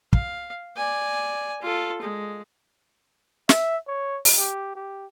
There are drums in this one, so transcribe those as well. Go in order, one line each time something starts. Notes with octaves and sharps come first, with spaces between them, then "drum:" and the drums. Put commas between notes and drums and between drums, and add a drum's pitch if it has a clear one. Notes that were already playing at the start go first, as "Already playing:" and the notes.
F5, drum: kick
D5 G#5
F4 A4
G#3
E5, drum: snare
C#5
drum: open hi-hat
G4
G4